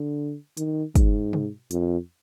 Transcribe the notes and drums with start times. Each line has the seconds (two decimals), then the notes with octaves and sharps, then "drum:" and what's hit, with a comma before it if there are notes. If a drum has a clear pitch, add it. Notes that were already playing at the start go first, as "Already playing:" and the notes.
Already playing: D3
0.57 D#3, drum: hi-hat
0.95 G#2, drum: kick, hi-hat
1.33 drum: tom
1.71 F2, drum: hi-hat